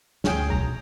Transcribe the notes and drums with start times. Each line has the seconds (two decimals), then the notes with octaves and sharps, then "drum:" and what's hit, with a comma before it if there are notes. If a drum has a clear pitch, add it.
0.24 D2 C#4 G#4 G5, drum: snare
0.50 B1 C4 A#5